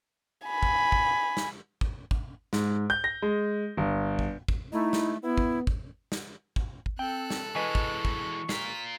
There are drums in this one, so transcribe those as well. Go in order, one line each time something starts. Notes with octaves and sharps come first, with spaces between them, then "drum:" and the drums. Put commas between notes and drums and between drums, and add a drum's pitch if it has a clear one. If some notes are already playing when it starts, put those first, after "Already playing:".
G#5 B5
drum: kick
drum: kick
drum: snare
drum: kick
drum: kick
G#2, drum: snare
G6
A#6
G#3
G1
drum: kick
drum: kick
A3 D#4 E4
drum: snare
B3 E4
drum: kick
drum: kick
drum: snare
drum: kick
drum: kick
C4 A4 G5 F#6
drum: snare
E3 G#3 B4 D#5 G#5 C#6
drum: kick
drum: kick
F4 A#4 B6, drum: snare